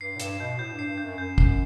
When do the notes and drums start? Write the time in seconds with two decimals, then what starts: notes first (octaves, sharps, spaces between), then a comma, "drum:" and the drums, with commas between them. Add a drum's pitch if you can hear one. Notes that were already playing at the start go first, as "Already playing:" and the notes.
0.01 G2 C7
0.16 A2
0.20 G2 E7, drum: hi-hat
0.39 B2 G6
0.59 A2 G6
0.73 G2
0.79 C7
0.89 G2
0.98 G6
1.03 F#2
1.18 F#2 G6
1.38 C7, drum: kick